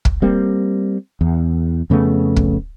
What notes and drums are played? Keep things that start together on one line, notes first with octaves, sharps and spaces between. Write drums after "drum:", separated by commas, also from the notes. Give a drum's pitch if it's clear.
drum: kick
G3 A#3 C4
E2
F2 C#3 A3 B3
drum: kick